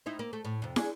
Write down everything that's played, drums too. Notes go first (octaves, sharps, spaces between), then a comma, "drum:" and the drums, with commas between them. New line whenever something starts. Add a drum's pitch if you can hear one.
C4 D#4 E4
A#3
A3
A2
F2 C3
D4 G#4, drum: snare